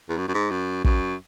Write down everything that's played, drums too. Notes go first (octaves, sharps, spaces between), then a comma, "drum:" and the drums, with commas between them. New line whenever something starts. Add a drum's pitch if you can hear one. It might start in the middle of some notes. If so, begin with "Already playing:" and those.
E2
F#2
F#2
G#2
F#2
F#2, drum: kick